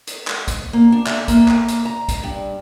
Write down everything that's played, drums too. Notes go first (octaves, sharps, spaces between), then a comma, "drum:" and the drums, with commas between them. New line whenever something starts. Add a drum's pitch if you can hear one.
drum: hi-hat
drum: clap
drum: kick B1, hi-hat
A#3
D4
E5, drum: clap
A#3, drum: kick B1, hi-hat
drum: clap
drum: hi-hat
A#5
drum: kick B1, hi-hat
G2